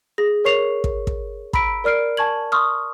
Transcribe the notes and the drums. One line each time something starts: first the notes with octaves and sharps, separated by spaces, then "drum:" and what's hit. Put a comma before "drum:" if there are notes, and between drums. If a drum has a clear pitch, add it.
G#4 A#6
A#4 C#5 C#6 C7 F7
drum: kick
drum: kick
A#5 B5 E6 B6 D7, drum: kick
A#4 D5 F6 C7 D7
G#5 A5 C#6 G#6 F#7
C6 C#6 D#6 F6